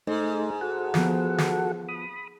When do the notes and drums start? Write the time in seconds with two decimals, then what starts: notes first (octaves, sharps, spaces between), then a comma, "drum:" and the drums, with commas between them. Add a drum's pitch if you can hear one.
0.07 G#2 A3 D#4
0.61 F#4 A4 F#5
0.94 F3 B3, drum: snare
1.38 drum: snare
1.89 B5 D#6